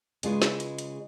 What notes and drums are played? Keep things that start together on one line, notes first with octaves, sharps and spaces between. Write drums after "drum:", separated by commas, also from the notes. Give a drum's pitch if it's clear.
C#3 G#3 F4 B4, drum: hi-hat
drum: snare
drum: hi-hat
drum: hi-hat